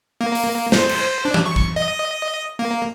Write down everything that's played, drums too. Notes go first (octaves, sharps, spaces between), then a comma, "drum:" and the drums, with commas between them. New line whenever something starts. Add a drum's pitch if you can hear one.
A#3
drum: open hi-hat
C5, drum: snare
drum: cymbal
D4
drum: tom
C#6
drum: kick
D#5
A#3